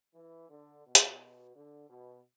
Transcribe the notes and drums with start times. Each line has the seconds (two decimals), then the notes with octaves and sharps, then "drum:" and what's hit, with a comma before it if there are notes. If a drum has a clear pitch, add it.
0.14 E3
0.49 D3
0.85 B2
0.95 drum: hi-hat
1.55 D3
1.90 B2